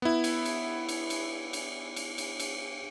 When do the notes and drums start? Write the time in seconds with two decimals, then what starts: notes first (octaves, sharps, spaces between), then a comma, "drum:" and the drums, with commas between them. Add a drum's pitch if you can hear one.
0.02 B3 E4
0.24 drum: cymbal
0.45 drum: cymbal
0.89 drum: cymbal
1.10 drum: cymbal
1.53 drum: cymbal
1.96 drum: cymbal
2.18 drum: cymbal
2.40 drum: cymbal